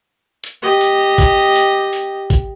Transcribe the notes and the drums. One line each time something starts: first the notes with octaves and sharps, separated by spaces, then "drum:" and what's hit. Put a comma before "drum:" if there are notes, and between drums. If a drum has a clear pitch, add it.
drum: hi-hat
G4 D#5
drum: hi-hat
drum: kick, hi-hat
drum: hi-hat
drum: hi-hat
drum: kick, hi-hat